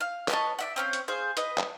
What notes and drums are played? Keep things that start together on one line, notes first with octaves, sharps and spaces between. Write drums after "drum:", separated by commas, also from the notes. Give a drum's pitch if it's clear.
F5
B4 C#5 D#5 A5, drum: clap
D5 E5 F#5
C4 C#4 F5
drum: hi-hat
G#4 C5 F5
B4 D#5, drum: hi-hat
drum: clap